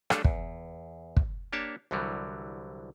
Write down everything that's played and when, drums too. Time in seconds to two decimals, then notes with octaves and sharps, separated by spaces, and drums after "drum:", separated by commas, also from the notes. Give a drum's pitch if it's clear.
0.10 G3 A3 D4 G#4 A4 C#5, drum: rim click
0.24 E2, drum: kick
1.17 drum: kick
1.53 A#3 D4 G4 C#5 A5
1.91 C2 D3 E3 F#3 G3